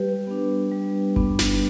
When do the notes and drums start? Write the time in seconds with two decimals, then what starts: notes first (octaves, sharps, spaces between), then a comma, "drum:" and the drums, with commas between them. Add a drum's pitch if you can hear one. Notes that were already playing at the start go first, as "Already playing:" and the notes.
Already playing: G3 G4 B4
0.27 B3 D4
0.72 G3
1.16 B3 D4, drum: kick G1
1.39 drum: snare